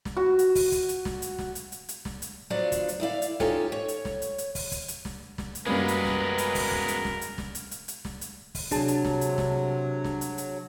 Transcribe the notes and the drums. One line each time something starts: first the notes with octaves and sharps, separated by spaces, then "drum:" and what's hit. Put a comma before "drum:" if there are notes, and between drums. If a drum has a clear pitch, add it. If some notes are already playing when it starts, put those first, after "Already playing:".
drum: snare
F#4
drum: hi-hat
drum: kick, open hi-hat
drum: kick, hi-hat
drum: hi-hat
drum: snare
drum: hi-hat
drum: snare
drum: hi-hat
drum: hi-hat
drum: hi-hat
drum: snare
drum: hi-hat
F3 F#3 B3 D4 F4 D5
drum: kick, hi-hat
drum: hi-hat
D2 E4 D5 F5
drum: hi-hat
C#4 D#4 F4 G4 A4 C#5, drum: snare
C#5
drum: hi-hat
drum: snare
drum: hi-hat
drum: hi-hat
drum: kick, open hi-hat
drum: kick, hi-hat
drum: hi-hat
drum: snare
drum: snare
drum: hi-hat
F#2 G3 G#3 A#3 B3 A#4 B4
drum: hi-hat
drum: snare
drum: hi-hat
drum: kick, open hi-hat
drum: kick
drum: hi-hat
drum: snare
drum: hi-hat
drum: snare
drum: hi-hat
drum: hi-hat
drum: hi-hat
drum: snare
drum: hi-hat
drum: kick, open hi-hat
C3 F#3 D4 G#4 A5, drum: kick, hi-hat
drum: hi-hat
drum: snare
drum: hi-hat
drum: snare
drum: snare
drum: hi-hat
drum: hi-hat